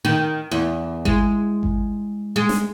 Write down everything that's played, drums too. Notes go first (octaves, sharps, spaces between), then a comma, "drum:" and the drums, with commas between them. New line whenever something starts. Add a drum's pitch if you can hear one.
D#3
E2
G#3, drum: kick G#1
drum: kick G#1
G#3
drum: snare